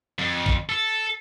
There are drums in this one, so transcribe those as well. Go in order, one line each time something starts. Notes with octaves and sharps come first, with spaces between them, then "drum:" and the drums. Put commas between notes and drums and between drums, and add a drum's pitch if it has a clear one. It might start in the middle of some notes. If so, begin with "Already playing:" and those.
F2
drum: kick A1
A4